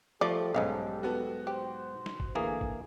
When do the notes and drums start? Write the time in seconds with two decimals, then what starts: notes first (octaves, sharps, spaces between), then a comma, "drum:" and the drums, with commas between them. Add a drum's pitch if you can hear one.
0.21 F3 G3 A3 G4 A4 D5
0.55 B1 G#2 C#4 D#4 F5
1.03 B3 F#4
1.47 G4 C5
2.06 drum: snare
2.20 drum: kick G#1
2.35 D3 E3 A3 A#3 G#4
2.61 drum: kick G#1